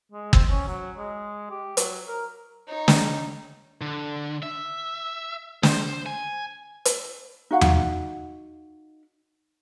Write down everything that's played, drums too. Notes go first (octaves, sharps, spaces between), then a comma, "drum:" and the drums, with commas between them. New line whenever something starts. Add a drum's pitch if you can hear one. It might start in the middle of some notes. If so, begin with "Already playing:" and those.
G#3
C4, drum: kick
C#4
F#3
G#3
G4
F#3, drum: hi-hat
A#4
D#4 C#5
drum: snare
D3
E5
C5, drum: snare
G#5
drum: hi-hat
D#4 F#4 F5 F#5
drum: tom E2